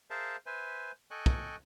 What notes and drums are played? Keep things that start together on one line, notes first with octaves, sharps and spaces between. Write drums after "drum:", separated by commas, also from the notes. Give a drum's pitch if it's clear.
G#4 A#4 C5 E5 F5 A5
B4 C5 E5 G#5
A4 D#5 G5 G#5 C#6 F#6
drum: kick